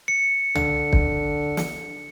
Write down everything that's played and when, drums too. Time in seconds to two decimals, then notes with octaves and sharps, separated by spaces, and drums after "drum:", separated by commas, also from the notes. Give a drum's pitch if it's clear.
0.08 C#7
0.55 D3, drum: tom
0.93 drum: kick
1.57 drum: snare